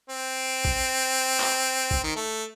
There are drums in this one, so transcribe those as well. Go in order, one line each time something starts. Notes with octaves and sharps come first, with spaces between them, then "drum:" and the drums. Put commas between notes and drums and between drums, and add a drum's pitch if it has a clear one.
C4
drum: kick A#1
drum: clap
drum: kick A#1
D#3
A3